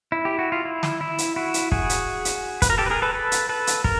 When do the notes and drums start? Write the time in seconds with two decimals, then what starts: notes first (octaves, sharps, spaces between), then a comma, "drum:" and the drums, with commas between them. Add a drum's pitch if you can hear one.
0.12 E4
0.25 G4
0.39 F#4
0.52 F4
0.65 E4
0.83 drum: snare
1.01 E4
1.18 drum: hi-hat
1.36 E4 F#4
1.54 drum: hi-hat
1.72 F#4 G#4, drum: kick
1.89 drum: hi-hat
2.25 drum: hi-hat
2.62 B4, drum: kick, hi-hat
2.70 A#4
2.78 G4 A4
2.86 B4
2.90 G#4 A#4
3.02 A4 B4
3.14 A4 B4
3.32 drum: hi-hat
3.49 A4 B4
3.67 drum: hi-hat
3.84 A#4, drum: kick